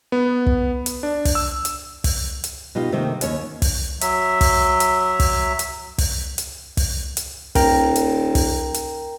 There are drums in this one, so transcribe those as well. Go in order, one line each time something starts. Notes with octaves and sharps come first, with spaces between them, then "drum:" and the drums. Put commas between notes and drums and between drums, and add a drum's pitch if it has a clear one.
B3
drum: kick
drum: hi-hat
D4
drum: kick, open hi-hat
E6
drum: hi-hat
drum: kick, open hi-hat
drum: hi-hat
B2 D#4 F4 G4
C3 D#3 A3 A#3 C4
D#2 C#4 C#5, drum: hi-hat
drum: kick, open hi-hat
F#3 E5, drum: hi-hat
drum: kick, open hi-hat
drum: hi-hat
drum: kick, open hi-hat
drum: hi-hat
drum: kick, open hi-hat
drum: hi-hat
drum: kick, open hi-hat
drum: hi-hat
D#1 A#4 G5 A#5, drum: kick, open hi-hat
drum: hi-hat
drum: kick, open hi-hat
drum: hi-hat